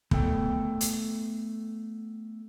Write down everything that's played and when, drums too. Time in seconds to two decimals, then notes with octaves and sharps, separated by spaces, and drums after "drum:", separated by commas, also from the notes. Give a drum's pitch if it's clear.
0.11 A3 B3 A4 G5, drum: kick
0.81 drum: hi-hat